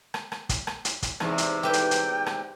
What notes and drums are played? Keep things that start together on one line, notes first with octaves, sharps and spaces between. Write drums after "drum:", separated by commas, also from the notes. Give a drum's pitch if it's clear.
drum: rim click
drum: rim click
drum: kick, hi-hat
drum: rim click
drum: hi-hat
drum: kick, hi-hat
E2 G#2 C3, drum: rim click
drum: hi-hat
G4 B4 E5 G5
drum: hi-hat
drum: hi-hat
drum: rim click